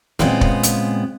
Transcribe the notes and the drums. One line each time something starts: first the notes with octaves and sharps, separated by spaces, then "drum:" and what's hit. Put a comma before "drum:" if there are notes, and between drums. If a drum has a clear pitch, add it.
A#2 C#3 G#3 B3 C4 F5, drum: snare
drum: kick
drum: hi-hat